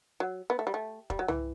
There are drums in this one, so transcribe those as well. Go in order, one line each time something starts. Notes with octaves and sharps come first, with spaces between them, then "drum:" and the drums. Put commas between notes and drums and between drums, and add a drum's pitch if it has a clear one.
F#3
B3
A3
G3
A3
G3, drum: kick E1
F#3
E3, drum: tom